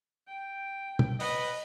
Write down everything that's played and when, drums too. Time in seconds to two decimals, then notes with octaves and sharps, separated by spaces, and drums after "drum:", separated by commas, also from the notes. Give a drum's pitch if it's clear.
0.28 G5
0.99 drum: tom
1.20 B4 D#5, drum: open hi-hat